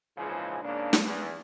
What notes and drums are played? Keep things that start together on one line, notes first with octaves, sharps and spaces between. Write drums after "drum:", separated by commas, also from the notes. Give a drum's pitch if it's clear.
A#1 G#2 C#3 E3 F3 G#3
G#2 C#3 A#3 D4
drum: snare
E2